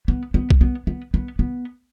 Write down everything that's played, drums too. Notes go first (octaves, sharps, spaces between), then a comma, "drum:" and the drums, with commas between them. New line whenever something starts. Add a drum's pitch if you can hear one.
B3
B3
drum: kick B1
B3
B3
B3
B3